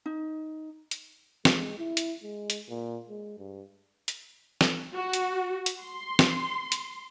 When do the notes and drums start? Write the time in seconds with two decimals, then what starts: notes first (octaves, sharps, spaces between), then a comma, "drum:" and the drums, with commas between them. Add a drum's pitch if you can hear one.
0.06 D#4
0.91 drum: hi-hat
1.45 G#3, drum: snare
1.78 E4
1.97 drum: hi-hat
2.23 G#3
2.50 drum: hi-hat
2.69 A#2
3.09 G#3
3.38 G2
4.08 drum: hi-hat
4.61 drum: snare
4.94 F#4
5.13 drum: hi-hat
5.66 drum: hi-hat
5.82 C6
6.19 drum: snare
6.72 drum: hi-hat